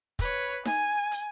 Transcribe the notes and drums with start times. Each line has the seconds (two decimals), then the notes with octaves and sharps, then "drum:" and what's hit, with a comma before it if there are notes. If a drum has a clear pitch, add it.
0.19 B4 C#5, drum: kick, hi-hat
0.66 G#5, drum: snare D#4
1.11 drum: hi-hat